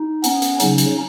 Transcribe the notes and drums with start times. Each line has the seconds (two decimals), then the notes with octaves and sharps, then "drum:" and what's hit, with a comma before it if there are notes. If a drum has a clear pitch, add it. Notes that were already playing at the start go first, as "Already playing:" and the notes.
Already playing: D#4
0.24 B3 C#4, drum: hi-hat
0.42 drum: hi-hat
0.60 C#3 F#3 C#4 D#4, drum: hi-hat
0.78 drum: hi-hat